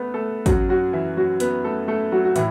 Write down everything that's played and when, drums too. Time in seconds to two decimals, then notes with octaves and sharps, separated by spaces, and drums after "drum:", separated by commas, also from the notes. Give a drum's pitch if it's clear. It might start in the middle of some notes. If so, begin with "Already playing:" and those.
Already playing: A3 B3 B4
0.14 A3 A4
0.46 F#2 F#3 F#4, drum: kick, hi-hat
0.69 F#3 F#4
0.93 E3 E4
1.17 F#3 F#4
1.40 B3 B4, drum: hi-hat
1.64 A3 A4
1.88 A3 A4
2.12 F#3 F#4
2.25 F#4
2.36 A2 E3 E4, drum: hi-hat